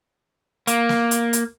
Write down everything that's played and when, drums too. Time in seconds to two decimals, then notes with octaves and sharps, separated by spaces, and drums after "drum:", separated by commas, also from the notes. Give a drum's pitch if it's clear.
0.67 A#3, drum: hi-hat
0.89 drum: snare
1.11 drum: hi-hat
1.33 drum: hi-hat